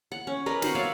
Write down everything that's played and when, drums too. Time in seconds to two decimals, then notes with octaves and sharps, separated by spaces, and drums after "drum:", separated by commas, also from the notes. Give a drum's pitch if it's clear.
0.12 F#5
0.27 C#4
0.46 A#4 B4 D5 D#5
0.62 F#4 C5 F#5, drum: snare
0.75 C#5 D5 E5 F5